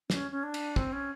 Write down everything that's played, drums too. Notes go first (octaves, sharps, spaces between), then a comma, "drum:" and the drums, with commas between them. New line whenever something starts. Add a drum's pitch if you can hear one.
C#4, drum: snare
C#4
D4
drum: cymbal
C4, drum: kick
C#4